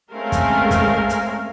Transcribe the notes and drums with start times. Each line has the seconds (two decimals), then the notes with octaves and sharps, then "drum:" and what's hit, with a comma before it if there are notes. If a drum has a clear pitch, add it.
0.13 G#3 A3 C4 C#4 A#4 F5
0.32 drum: kick, hi-hat
0.71 drum: kick, hi-hat
1.09 drum: hi-hat